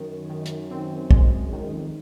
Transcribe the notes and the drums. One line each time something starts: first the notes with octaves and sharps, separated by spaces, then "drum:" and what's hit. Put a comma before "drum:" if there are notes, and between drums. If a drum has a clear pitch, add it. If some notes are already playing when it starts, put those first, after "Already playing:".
Already playing: F#2 D#3
D#3
drum: hi-hat
C4
G#3, drum: kick
F#2 D#3
F2